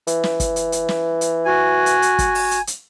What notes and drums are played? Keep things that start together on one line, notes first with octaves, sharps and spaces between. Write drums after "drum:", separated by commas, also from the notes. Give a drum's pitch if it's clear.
E3, drum: hi-hat
drum: snare
drum: kick, hi-hat
drum: hi-hat
drum: hi-hat
drum: snare
drum: hi-hat
F#4 G#5
drum: hi-hat
drum: hi-hat
drum: kick, hi-hat
drum: open hi-hat
drum: hi-hat
drum: hi-hat